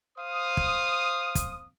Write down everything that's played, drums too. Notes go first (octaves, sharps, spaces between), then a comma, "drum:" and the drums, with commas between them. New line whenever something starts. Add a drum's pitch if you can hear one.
C5 F5 D#6
drum: kick
drum: kick, hi-hat